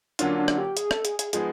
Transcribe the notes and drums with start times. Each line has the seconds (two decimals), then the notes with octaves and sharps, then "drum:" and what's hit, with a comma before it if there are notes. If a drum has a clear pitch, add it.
0.19 D3 F#3 A#3 C#4 D4 F4, drum: hi-hat
0.39 D4
0.48 drum: rim click
0.58 G4
0.77 G#4, drum: hi-hat
0.91 A4, drum: rim click
1.05 G#4, drum: hi-hat
1.19 G#4, drum: hi-hat
1.33 F3 G#3 B3 D#4 G#4, drum: hi-hat